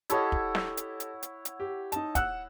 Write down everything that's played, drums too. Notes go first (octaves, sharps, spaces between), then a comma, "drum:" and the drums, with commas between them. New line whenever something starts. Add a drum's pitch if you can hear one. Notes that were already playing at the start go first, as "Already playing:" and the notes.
E4 G4 A4 C#5 D#5 F#5, drum: hi-hat
drum: kick
drum: snare
drum: hi-hat
drum: hi-hat
drum: hi-hat
drum: hi-hat
G4
D#4 A5, drum: hi-hat
F#5 E6 F#6, drum: kick, hi-hat